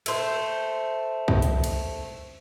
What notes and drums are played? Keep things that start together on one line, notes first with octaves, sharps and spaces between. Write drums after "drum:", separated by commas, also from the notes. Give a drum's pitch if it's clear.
A3 C5, drum: cymbal
drum: kick
drum: hi-hat
drum: cymbal